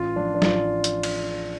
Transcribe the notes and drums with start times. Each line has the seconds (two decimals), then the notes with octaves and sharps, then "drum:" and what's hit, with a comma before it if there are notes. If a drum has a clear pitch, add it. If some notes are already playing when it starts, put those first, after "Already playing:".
Already playing: A1 F4
0.16 F3 D4
0.35 D4
0.42 A1 F4, drum: snare
0.84 drum: hi-hat
1.03 drum: cymbal